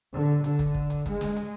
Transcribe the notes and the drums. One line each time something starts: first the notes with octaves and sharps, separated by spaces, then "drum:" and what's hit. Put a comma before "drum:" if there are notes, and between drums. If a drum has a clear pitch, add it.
D3
D3, drum: hi-hat
drum: kick, hi-hat
drum: kick
drum: hi-hat
G#3, drum: kick, hi-hat
drum: snare
drum: hi-hat